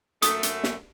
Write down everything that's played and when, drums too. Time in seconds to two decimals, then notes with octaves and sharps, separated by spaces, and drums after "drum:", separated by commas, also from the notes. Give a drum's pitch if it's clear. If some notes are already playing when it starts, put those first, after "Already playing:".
0.22 F#2 A3 D#6, drum: hi-hat
0.43 drum: hi-hat
0.64 drum: snare